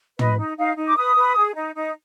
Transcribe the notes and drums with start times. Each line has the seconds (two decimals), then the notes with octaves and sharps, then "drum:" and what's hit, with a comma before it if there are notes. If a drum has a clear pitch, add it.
0.19 B4 D#5, drum: tom
0.39 D#4
0.57 D#4 F5
0.77 D#4
0.87 D6
0.97 B4 D#6
1.17 B4
1.36 G#4
1.55 D#4
1.75 D#4